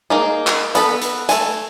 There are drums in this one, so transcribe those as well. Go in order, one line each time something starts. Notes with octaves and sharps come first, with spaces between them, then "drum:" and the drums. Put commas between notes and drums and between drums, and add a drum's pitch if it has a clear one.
A#3 D#4 G#4
drum: clap
B3 A4 B4, drum: hi-hat
drum: hi-hat
A3 G#5, drum: hi-hat